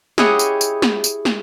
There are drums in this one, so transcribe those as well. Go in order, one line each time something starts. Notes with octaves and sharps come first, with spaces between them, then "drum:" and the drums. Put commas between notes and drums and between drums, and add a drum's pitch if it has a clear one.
E4 G4 G#4 C#5 D#5 F#5, drum: snare
drum: tambourine
drum: tambourine
drum: snare
drum: tambourine
drum: snare